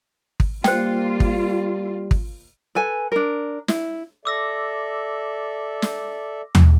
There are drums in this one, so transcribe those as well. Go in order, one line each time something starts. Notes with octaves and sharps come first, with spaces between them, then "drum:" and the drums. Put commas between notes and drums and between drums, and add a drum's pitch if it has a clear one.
drum: kick
G3 A#3 F4 C5 G5, drum: snare
drum: kick
drum: kick
A4 B4 G#5
D4 A#4
E4, drum: snare
A4 D5 E5 D6 E6 A#6
drum: snare
drum: tom D#2